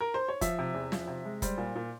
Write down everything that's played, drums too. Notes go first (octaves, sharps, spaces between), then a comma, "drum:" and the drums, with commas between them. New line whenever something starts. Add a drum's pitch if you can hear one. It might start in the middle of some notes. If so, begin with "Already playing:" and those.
A#4
C5
C#5
F3 E5, drum: kick F1, hi-hat
C3
E2
F3, drum: snare
C3
G#3
G3 C5, drum: kick F1, hi-hat
A#2
A#2